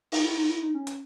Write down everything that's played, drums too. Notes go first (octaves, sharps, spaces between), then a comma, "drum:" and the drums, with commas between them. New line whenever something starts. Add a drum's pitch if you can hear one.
D#4, drum: open hi-hat
E4
D#4
E4
D#4
C#4
drum: hi-hat